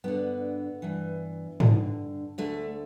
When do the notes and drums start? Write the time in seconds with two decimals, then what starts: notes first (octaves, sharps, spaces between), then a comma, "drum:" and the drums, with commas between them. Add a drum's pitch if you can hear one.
0.04 G2 D3 B3
0.82 G2 E3
1.60 G2 D3, drum: tom G#2
2.38 D2 D3 A3